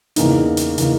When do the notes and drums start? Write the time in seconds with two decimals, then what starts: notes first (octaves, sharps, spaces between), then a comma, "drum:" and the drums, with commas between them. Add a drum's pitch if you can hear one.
0.16 E2 C#3 E3 A#3 D#4, drum: hi-hat
0.57 drum: hi-hat
0.78 C#3 E3 A#3 D#4, drum: hi-hat